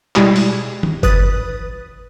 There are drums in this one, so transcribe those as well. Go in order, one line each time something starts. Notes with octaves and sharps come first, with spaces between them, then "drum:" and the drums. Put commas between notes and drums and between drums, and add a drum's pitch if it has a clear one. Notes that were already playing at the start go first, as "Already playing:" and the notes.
B2 G3 G#3 E4 G4 G#4, drum: clap
drum: open hi-hat
drum: tom D#3
B4 D#6 F#6 A6, drum: kick F#1